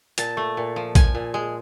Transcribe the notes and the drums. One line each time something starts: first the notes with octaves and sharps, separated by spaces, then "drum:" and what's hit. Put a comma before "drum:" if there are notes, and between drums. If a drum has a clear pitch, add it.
A#2 A5, drum: hi-hat
A3
A#2
F3
F3 G#5, drum: kick A#1, hi-hat
A#2
G#3